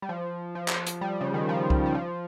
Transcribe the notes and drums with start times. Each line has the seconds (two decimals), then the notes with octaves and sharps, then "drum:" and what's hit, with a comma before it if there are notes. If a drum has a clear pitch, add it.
0.02 G3
0.09 F3
0.55 F3
0.68 drum: clap
0.87 drum: hi-hat
1.01 G3
1.21 C#3
1.34 D#3
1.49 F3
1.70 drum: kick C2
1.86 G3
1.94 F3